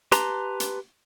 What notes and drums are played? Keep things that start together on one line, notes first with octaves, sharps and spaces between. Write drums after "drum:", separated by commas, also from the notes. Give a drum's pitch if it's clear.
G4 B4 A5 A#5 C6, drum: hi-hat
drum: hi-hat